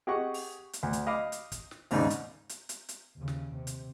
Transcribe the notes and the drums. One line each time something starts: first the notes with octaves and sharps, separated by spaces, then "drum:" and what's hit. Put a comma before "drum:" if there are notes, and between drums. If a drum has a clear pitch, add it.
G4 G#4 D#5 F#5 C#6 D6
drum: open hi-hat
drum: hi-hat
D2
drum: hi-hat
D#5 F5 B5 D6
drum: hi-hat
drum: kick, hi-hat
drum: snare
D#2 G#2 C#3 D#4 D5, drum: open hi-hat
drum: hi-hat
drum: hi-hat
drum: hi-hat
drum: hi-hat
D#2 C#3
drum: snare
C3
drum: hi-hat